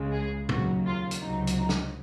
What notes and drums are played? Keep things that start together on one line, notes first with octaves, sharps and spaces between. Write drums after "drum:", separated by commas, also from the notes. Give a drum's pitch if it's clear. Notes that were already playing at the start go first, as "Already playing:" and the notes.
Already playing: C#2 C#3 G#3
G#4
D#2 C#3 F#3 A#3 F#4, drum: tom A#2
F4
drum: hi-hat
C#2 C3 F#3 D#4
drum: hi-hat
D#4
drum: snare